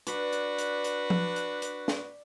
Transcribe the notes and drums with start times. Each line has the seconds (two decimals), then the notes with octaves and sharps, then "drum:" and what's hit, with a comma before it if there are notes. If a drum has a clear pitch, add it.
0.07 D4 F#4 B4 D5, drum: hi-hat
0.33 drum: hi-hat
0.58 drum: hi-hat
0.84 drum: hi-hat
1.10 drum: tom F3
1.36 drum: hi-hat
1.62 drum: hi-hat
1.88 drum: snare